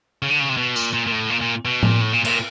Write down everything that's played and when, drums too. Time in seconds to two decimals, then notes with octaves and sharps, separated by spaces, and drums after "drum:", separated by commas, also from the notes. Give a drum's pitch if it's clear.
0.22 C#3
0.31 D3
0.40 C#3
0.49 C3
0.57 B2
0.76 A#2, drum: tambourine
0.93 A#2
1.07 A#2
1.12 A2
1.30 A#2
1.41 A#2
1.65 B2
1.83 A#2, drum: tom A2
2.01 A2
2.13 A#2
2.25 A#2, drum: cymbal